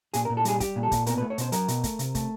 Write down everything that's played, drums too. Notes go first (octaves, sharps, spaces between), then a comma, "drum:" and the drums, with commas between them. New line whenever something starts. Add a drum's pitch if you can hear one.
A#2 G#4, drum: hi-hat
A#2 A#4
A4
G3 G#4, drum: hi-hat
G3 G4, drum: kick, hi-hat
A#2
A4
A#2, drum: kick, hi-hat
B2 A#4, drum: hi-hat
A3 B4
C#5
B2 C5, drum: hi-hat
F#3 A#4, drum: hi-hat
B2, drum: hi-hat
A3, drum: kick, hi-hat
C3, drum: hi-hat
A3, drum: kick, hi-hat